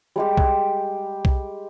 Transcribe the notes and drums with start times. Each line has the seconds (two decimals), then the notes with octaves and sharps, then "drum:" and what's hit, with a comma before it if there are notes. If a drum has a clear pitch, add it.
0.16 G3 G#3 G4
0.37 drum: kick B1
1.25 drum: kick B1